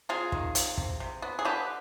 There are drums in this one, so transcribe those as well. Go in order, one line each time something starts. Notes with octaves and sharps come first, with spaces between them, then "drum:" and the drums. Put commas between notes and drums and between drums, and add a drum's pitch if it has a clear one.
C3 F4 G#4
D#3, drum: kick
C3, drum: hi-hat
C3, drum: kick
C3
B3
G#4
D3 G4 B4